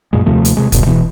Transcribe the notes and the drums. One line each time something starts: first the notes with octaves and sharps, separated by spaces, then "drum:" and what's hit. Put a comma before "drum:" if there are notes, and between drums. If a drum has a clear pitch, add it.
F#2 A#2 G#3
D#2 C3 F3 A3
drum: hi-hat
C3 G#3
D2 G2 B2, drum: kick, hi-hat
D1 B2 E3